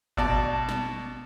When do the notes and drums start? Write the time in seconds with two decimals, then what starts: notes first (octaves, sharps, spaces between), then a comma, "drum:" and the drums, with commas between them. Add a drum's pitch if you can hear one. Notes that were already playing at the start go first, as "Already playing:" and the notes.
0.17 B2 D5 A5, drum: kick G1
0.69 drum: snare